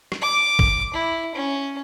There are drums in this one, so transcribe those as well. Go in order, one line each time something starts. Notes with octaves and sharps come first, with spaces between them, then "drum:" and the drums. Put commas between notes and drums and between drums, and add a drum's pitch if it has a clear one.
drum: rim click
D6
drum: kick A#1
E4
C#4